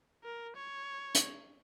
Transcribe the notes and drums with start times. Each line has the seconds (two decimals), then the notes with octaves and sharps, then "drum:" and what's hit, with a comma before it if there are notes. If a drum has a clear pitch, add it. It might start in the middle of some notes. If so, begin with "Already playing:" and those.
0.24 A#4
0.56 C#5
1.15 drum: hi-hat